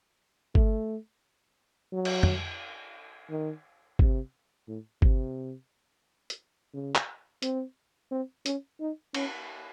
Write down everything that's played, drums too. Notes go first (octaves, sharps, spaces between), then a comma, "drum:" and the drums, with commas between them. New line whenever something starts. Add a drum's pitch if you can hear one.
A3, drum: kick G1
F#3
drum: cymbal
drum: tom
D#3
C3, drum: kick G1
A2
C3, drum: kick G1
drum: hi-hat
C#3
drum: clap
C4, drum: hi-hat
C4
C#4, drum: hi-hat
D#4
C#4, drum: cymbal